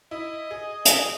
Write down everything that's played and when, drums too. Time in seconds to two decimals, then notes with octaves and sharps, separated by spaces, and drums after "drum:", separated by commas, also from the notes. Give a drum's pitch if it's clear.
0.11 E4 D#5
0.51 G#4
0.85 A4, drum: hi-hat
0.90 G#4 D#5